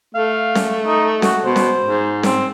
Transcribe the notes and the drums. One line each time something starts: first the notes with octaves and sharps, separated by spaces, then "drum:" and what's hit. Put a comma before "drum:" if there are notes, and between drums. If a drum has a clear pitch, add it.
A3 F5
drum: snare C#4
D#4
F#4, drum: snare C#4
B2 C5
drum: snare C#4
G#2
C4, drum: snare C#4